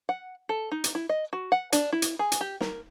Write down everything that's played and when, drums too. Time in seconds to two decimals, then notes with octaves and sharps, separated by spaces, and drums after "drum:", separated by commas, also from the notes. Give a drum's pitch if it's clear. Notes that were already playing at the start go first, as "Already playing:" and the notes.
0.09 F#5
0.49 A4
0.72 D#4
0.84 drum: hi-hat
0.95 E4
1.09 D#5
1.33 F#4
1.52 F#5
1.72 D4, drum: hi-hat
1.92 E4
2.02 drum: hi-hat
2.19 G#4
2.32 drum: hi-hat
2.41 G4
2.61 A#4, drum: snare